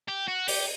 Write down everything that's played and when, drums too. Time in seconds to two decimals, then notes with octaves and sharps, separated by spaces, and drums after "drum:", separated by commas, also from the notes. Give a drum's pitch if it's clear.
0.08 G4
0.28 F#4
0.48 G4, drum: open hi-hat